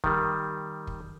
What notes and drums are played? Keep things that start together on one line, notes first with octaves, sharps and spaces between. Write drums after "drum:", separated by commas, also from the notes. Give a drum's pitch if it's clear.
D#3 G3, drum: kick
drum: kick